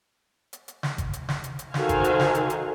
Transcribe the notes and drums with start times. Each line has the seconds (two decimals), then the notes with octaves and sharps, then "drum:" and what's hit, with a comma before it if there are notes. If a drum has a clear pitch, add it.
0.53 drum: hi-hat
0.68 drum: hi-hat
0.83 drum: snare
0.98 drum: kick G#1, hi-hat
1.13 drum: hi-hat
1.29 drum: snare
1.44 drum: hi-hat
1.59 drum: hi-hat
1.74 D#3 F#4 A4 C5 F5 G#5, drum: snare
1.89 drum: kick G#1, hi-hat
2.04 drum: hi-hat
2.19 drum: snare
2.35 drum: hi-hat
2.50 drum: hi-hat